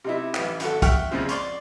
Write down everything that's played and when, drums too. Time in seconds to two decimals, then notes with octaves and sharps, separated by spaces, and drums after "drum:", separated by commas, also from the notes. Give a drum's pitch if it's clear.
0.04 C3 D#4 E4
0.34 A1 B4, drum: clap
0.60 G#1 F#4 A4, drum: hi-hat
0.82 E5 F#5 G5 C#6 F6 F#6, drum: kick, hi-hat
1.11 F2 A#2 C#3 F3 G#3
1.29 D5 C6 C#6, drum: hi-hat